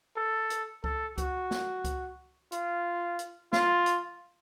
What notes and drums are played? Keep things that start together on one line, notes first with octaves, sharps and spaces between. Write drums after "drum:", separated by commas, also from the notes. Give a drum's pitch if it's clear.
A4
drum: hi-hat
A4, drum: kick C#2
F#4, drum: kick C#2, hi-hat
drum: snare
drum: kick C#2, hi-hat
F4, drum: hi-hat
drum: hi-hat
F4, drum: snare
drum: hi-hat